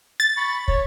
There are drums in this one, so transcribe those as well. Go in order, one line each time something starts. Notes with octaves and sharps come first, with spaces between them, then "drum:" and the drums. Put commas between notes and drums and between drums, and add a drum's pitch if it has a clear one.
A6
B5 C#6
C#5, drum: kick